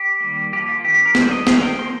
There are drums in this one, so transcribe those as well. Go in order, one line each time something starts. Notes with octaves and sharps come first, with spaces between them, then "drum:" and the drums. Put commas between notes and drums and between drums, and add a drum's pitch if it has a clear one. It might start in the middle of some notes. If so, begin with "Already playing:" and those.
Already playing: G4
D#3 G3 A#3
F3 A#3 G4
F4
D#3 C4 G4
G4
A#4
D#3 G3 A#3 C5, drum: snare
D#5
D#3 C4 F5, drum: snare
G5
F3 A#3 C6